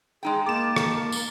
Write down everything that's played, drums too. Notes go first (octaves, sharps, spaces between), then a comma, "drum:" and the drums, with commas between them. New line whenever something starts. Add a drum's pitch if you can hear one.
G#3 D#4 G#4 G5
A#3 A5 D6 E7
drum: rim click
drum: tambourine